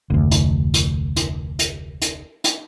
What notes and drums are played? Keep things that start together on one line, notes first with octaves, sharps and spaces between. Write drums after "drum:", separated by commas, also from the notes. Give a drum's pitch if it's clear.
F1 D2
drum: hi-hat
drum: hi-hat
drum: hi-hat
drum: hi-hat
drum: hi-hat
drum: hi-hat